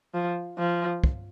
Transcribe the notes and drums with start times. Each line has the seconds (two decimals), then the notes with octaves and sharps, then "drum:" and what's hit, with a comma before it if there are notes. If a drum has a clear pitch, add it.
0.14 F3
0.58 F3
1.04 drum: kick